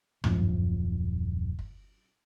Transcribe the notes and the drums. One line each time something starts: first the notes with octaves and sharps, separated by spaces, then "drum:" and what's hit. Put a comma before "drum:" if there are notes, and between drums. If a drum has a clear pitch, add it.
D#1 F#2 F3, drum: tom
drum: kick